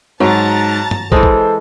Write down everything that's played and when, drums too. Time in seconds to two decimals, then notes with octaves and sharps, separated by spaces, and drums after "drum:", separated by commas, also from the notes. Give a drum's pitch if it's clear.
0.20 G#2 F#3 A5 A#5 A6
0.91 drum: tom G2
1.12 E3 G#3 A4 C5, drum: kick
1.23 drum: kick